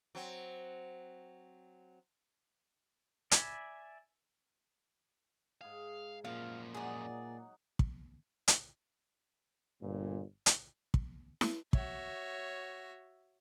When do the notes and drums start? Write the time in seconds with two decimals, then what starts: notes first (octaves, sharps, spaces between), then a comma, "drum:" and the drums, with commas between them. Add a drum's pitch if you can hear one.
0.15 F#3 C4
3.31 D5 E5 G#5 B5, drum: hi-hat
5.61 G#2 G#4 F5 G#5
6.25 F#2 A#2 F3 F5
6.75 F#3 D#4 G#4 D5 F#5
7.79 drum: kick
8.48 drum: hi-hat
9.82 G1 G2 A#2
10.46 drum: hi-hat
10.94 drum: kick
11.41 drum: snare E4
11.73 F#4 C#5 E5, drum: kick